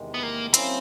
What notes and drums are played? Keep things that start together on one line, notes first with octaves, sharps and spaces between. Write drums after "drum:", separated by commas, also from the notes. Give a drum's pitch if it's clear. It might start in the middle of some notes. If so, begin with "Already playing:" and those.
Already playing: E2 C3 D#3 G#3
B3
A#3
F#3 A#3 C4 C#4 E4, drum: hi-hat